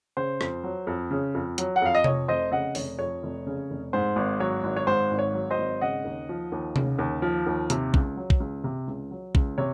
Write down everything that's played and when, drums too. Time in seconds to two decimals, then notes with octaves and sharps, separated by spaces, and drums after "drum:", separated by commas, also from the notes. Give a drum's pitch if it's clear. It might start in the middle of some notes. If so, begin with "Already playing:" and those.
0.17 C#3 C5
0.41 F2, drum: rim click
0.63 F#3
0.87 F2
1.11 C#3
1.35 F2
1.58 F#3, drum: hi-hat
1.76 F#5
1.82 F2 F5
1.95 D#5
2.04 F2 C#5, drum: tom C3
2.28 F1 C5 D#5
2.52 C#3 D#5 F#5
2.75 F1 C#5, drum: open hi-hat
2.99 F2 C#5
3.23 F1
3.47 C#3
3.70 F1
3.93 G#2 C5
4.16 G#1
4.40 F#3 C#5
4.63 G#1
4.77 C#5
4.87 G#2 C5
5.11 G#1
5.19 C#5
5.34 F#3
5.50 C5 D#5
5.58 G#1
5.81 C#3 D#5 F#5
6.05 D#2
6.29 F3
6.52 D#2
6.76 C#3, drum: tom C3
6.99 D#2
7.22 F3
7.46 D#2
7.70 C3, drum: hi-hat
7.94 C#2, drum: kick A#1
8.16 F#3
8.30 drum: kick A#1
8.40 C#2
8.64 C3
8.87 C#2
9.11 F#3
9.35 C#2, drum: kick A#1
9.58 C3 C#5